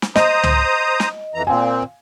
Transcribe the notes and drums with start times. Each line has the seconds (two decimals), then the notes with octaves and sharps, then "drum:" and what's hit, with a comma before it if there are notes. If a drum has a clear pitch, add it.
0.02 drum: snare
0.16 C5 D#5 A#5 D#6, drum: snare
0.43 drum: tom
1.00 drum: snare
1.34 F2 E3 A#5
1.47 A#2 C4 F5 G#5